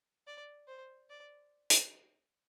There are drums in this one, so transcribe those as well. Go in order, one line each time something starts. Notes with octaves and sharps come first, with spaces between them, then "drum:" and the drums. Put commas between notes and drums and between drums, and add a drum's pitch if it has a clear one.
D5
C5
D5
drum: hi-hat